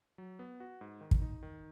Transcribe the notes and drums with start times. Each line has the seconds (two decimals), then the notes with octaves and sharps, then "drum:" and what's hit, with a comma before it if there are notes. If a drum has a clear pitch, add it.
0.18 F#3
0.39 B3
0.60 F#4
0.81 G#2
1.01 D#3
1.11 drum: kick
1.22 D#4
1.43 D#3